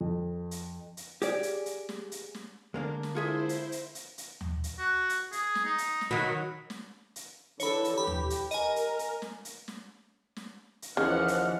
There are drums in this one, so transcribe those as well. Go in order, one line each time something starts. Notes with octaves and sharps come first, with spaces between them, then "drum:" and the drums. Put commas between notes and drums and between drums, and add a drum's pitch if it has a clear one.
F2
drum: hi-hat
drum: hi-hat
G4 G#4 D5, drum: hi-hat
drum: hi-hat
drum: hi-hat
drum: snare
drum: hi-hat
drum: snare
D3 G#3 A#3 D4
drum: snare
E4 F4 G#4 C5 E5
drum: hi-hat
drum: hi-hat
drum: hi-hat
drum: hi-hat
drum: tom D#2
drum: hi-hat
F#4
drum: hi-hat
G#4, drum: hi-hat
drum: snare
D#4
drum: hi-hat
drum: snare
D#3 F#3 B5
drum: snare
drum: hi-hat
D3 E3 A4 C#5 B5, drum: hi-hat
drum: hi-hat
G4 B5
drum: tom D#2
drum: hi-hat
A#4 D#5 G#5, drum: hi-hat
drum: hi-hat
drum: hi-hat
drum: snare
drum: hi-hat
drum: snare
drum: snare
drum: hi-hat
D#2 C#3 E3 F3 D#4 D#5 F#5 F6
drum: hi-hat